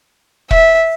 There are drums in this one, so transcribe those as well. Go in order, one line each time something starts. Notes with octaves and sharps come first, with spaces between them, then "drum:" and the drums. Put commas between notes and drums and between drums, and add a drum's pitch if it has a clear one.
E5, drum: kick E1